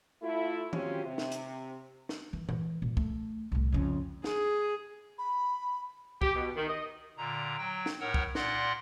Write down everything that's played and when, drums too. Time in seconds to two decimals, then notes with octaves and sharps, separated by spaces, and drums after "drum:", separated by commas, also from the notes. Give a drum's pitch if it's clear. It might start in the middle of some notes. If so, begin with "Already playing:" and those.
0.23 A3 E4 F4
0.73 F#3 C4 C#4 F4 G4, drum: tom D#3
1.06 C3
1.18 drum: snare
1.32 drum: hi-hat
2.09 drum: snare
2.33 E3
2.49 E3, drum: tom A#2
2.82 A#2
2.97 A3, drum: kick
3.52 C2 A2
3.72 F2 C#3
4.24 G#4, drum: snare
5.18 B5
6.22 G4, drum: kick
6.36 B2
6.56 D#3
6.69 D#5
7.17 A#2 D3 A#5
7.58 F#3 G5
7.86 drum: snare
8.00 A2 A#4 C#5 F#5 E6
8.14 drum: kick
8.35 A#2 D5 F#5 C6 F#6 A#6, drum: snare